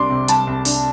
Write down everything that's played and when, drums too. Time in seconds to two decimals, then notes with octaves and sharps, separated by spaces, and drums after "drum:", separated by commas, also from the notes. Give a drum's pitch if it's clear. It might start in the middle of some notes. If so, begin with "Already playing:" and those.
Already playing: C2 G3 D4 C6 D6
0.10 C3
0.28 G3 A5, drum: hi-hat
0.47 C2
0.65 D4, drum: open hi-hat